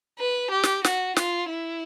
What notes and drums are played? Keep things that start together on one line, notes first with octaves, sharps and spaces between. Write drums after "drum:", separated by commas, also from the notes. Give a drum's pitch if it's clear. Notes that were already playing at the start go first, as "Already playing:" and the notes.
B4
G4
drum: snare
F#4, drum: snare
F4, drum: snare
E4